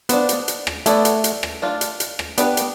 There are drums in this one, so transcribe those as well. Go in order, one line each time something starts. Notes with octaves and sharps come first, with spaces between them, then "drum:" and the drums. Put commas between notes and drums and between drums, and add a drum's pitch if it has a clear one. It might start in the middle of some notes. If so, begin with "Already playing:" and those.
B3 D4 F4 C5, drum: hi-hat
drum: hi-hat
drum: hi-hat
drum: rim click
A3 B3 E4 A4 D5, drum: hi-hat
drum: hi-hat
drum: hi-hat
drum: rim click
A3 D4 F4
drum: hi-hat
drum: hi-hat
drum: rim click
B3 D4 G4 B4, drum: hi-hat
drum: hi-hat